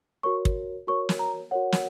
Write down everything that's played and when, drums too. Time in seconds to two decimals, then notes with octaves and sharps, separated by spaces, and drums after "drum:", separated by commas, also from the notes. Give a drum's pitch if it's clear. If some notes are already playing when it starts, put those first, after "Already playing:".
0.23 F#4 A#4 C#5 C#6
0.45 drum: kick
0.87 F#4 A#4 C#5 C#6
1.09 drum: snare
1.19 A#5
1.51 F#4 A#4 C#5 F#5
1.72 drum: snare